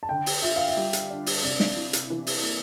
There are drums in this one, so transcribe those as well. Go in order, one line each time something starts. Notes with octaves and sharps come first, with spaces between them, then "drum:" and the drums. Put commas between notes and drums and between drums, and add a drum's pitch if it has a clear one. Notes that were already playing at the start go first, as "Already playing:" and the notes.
A5
D3 G5
drum: open hi-hat
F4 E5
F5
E5
G3
drum: hi-hat
D4
drum: open hi-hat
C3 D5
drum: snare
E4
drum: hi-hat
E3
drum: open hi-hat
A#3